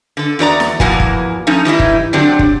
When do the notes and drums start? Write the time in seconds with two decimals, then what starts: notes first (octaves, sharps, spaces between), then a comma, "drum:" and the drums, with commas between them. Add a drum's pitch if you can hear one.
0.17 D3 A4
0.39 E2 F#4 D5 A#5
0.60 drum: snare
0.80 E2 E3 F3 A#3 F#4 G#5, drum: kick
1.00 drum: kick
1.47 F3 A3 C#4 D#4
1.65 E3 G3 D#4 E4
1.79 drum: kick
2.13 D3 F#3 C4 D4 G4
2.39 drum: kick